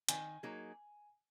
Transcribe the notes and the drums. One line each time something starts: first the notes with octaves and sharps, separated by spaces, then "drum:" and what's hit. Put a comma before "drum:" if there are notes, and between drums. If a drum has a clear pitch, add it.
D#3 G#5, drum: hi-hat
F#3 A#3 D#4 G#4